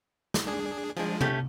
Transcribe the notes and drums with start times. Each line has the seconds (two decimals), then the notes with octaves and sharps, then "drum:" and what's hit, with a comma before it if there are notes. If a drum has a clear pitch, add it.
0.34 drum: snare
0.47 D4 G#4
0.97 G2 F3 G#3 D4 G#4
1.21 A3 C#4 G4, drum: tom C3